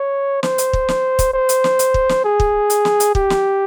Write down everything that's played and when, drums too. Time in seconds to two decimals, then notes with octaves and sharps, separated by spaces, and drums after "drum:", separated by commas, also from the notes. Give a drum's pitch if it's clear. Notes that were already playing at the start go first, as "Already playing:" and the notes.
Already playing: C#5
0.43 C5, drum: snare
0.58 drum: hi-hat
0.73 drum: kick
0.89 drum: snare
1.19 drum: kick, hi-hat
1.34 C5
1.49 drum: hi-hat
1.64 drum: snare
1.79 drum: hi-hat
1.94 drum: kick
2.09 drum: snare
2.24 G#4
2.40 drum: kick
2.70 drum: hi-hat
2.85 drum: snare
3.00 drum: hi-hat
3.15 G4, drum: kick
3.30 drum: snare